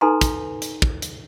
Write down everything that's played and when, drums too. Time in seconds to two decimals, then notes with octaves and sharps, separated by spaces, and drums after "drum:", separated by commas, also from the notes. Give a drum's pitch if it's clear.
0.01 D#4 A4 B4 G#5 A#5 C6
0.21 drum: kick, hi-hat
0.62 drum: hi-hat
0.82 drum: kick
1.02 drum: hi-hat